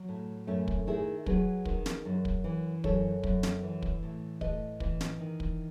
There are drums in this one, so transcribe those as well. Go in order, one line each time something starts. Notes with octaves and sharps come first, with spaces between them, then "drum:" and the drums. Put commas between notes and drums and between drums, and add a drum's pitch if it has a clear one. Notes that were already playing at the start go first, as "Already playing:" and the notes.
Already playing: F#3
A2
F#2 A3 C#4
drum: kick
D#3 E4 G#4
F#3 G#4 B4, drum: kick
D#3, drum: kick
drum: snare
F#2
drum: kick
E3
F#2 A4 C#5, drum: kick
F#2, drum: kick
drum: snare
E3
drum: kick
A2
A2 B4 D#5, drum: kick
E3, drum: kick
drum: snare
D#3
drum: kick